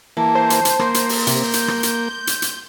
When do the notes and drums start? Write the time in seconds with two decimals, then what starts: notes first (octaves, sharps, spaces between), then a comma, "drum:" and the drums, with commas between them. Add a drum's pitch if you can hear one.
0.17 E3 A#3 A5
0.35 C5
0.50 drum: hi-hat
0.65 drum: hi-hat
0.79 A#3 C6, drum: rim click
0.94 drum: hi-hat
1.09 drum: open hi-hat
1.27 C3, drum: hi-hat
1.44 G6
1.53 drum: hi-hat
1.68 drum: rim click
1.83 drum: hi-hat
2.27 drum: hi-hat
2.42 drum: hi-hat